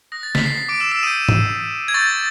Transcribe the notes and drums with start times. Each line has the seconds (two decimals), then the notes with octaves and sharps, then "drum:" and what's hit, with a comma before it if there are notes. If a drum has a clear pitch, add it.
0.12 D#6 F#6 A#6
0.23 A6
0.35 B6, drum: snare
0.46 C7
0.58 C7
0.69 D6 D7
0.80 E6 E7
0.92 E6 E7
1.03 D6 D#6 G6 D#7
1.29 drum: tom G#2
1.88 G#6
1.94 C#6 E6 G6 A6